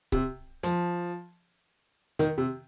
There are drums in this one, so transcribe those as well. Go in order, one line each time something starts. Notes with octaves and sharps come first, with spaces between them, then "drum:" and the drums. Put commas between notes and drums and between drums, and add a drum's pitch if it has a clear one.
C3, drum: kick C#1
F3, drum: hi-hat
D#3, drum: hi-hat
C3